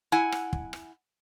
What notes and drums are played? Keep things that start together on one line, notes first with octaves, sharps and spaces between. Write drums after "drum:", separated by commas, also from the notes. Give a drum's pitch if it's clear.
E4 F#5 G#5
drum: rim click
drum: kick
drum: rim click